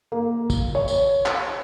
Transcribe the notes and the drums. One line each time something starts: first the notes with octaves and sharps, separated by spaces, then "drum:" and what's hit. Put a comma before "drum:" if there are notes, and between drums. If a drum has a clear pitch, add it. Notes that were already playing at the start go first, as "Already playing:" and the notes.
A#3
drum: kick, tambourine
C#5
drum: tambourine
drum: clap